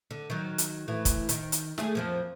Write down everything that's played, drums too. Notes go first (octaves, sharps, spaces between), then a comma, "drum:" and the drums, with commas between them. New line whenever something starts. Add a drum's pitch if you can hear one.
D3
D#3 F#3
drum: hi-hat
A2 E3
drum: kick, hi-hat
D#3, drum: hi-hat
drum: hi-hat
A3 G#4, drum: snare
F2 F3 A#3